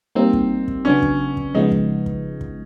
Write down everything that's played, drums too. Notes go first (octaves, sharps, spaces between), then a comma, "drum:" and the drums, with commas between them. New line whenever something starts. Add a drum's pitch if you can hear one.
G3 A#3 C4 D#4
drum: kick
drum: kick
C#3 F#3 B3 C#4 D4
drum: kick
drum: kick
C#3 F3 G#3 B3 D#4
drum: kick
drum: kick
drum: kick